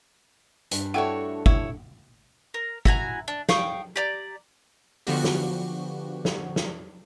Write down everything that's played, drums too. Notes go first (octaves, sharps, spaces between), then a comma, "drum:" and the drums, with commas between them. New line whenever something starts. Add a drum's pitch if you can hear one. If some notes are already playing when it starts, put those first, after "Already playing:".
G2, drum: hi-hat
A3 E4 F#4 C#5 D5 F#5 G5
E4 C#5, drum: kick G1
A#4
E4 F#4 G#5 A#5, drum: kick G1
D4
F5 G5 C#6 D#6, drum: snare
G4 D5 A#5
D3 F3 B3 F#4 G4, drum: open hi-hat
drum: snare
drum: snare
drum: snare